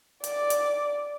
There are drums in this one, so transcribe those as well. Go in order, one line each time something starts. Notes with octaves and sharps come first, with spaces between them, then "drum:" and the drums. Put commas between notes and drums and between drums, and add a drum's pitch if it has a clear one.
D5, drum: hi-hat
drum: hi-hat